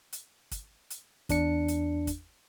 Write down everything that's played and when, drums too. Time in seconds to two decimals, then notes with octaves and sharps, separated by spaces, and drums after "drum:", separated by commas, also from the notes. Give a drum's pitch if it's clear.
0.13 drum: hi-hat
0.51 drum: kick, hi-hat
0.90 drum: hi-hat
1.29 E2 D4 C#7, drum: kick, hi-hat
1.68 drum: hi-hat
2.07 drum: kick, hi-hat